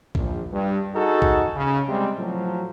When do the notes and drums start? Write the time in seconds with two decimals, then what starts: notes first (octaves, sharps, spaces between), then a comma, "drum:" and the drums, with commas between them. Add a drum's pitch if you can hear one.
0.15 A#1, drum: kick A#1
0.52 G2
0.94 D#4 F#4 G#4 A4
1.22 drum: kick A#1
1.55 C#3
1.88 C3 G3 G#3 C4
2.18 A2 F3 F#3